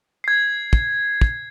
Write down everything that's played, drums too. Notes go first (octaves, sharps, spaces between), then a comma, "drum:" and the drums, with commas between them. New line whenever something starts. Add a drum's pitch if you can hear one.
G#6 C7
drum: kick
drum: kick